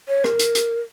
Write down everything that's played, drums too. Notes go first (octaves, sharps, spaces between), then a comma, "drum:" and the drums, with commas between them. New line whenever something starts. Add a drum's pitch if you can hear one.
C#5
A#4, drum: rim click
drum: hi-hat
drum: hi-hat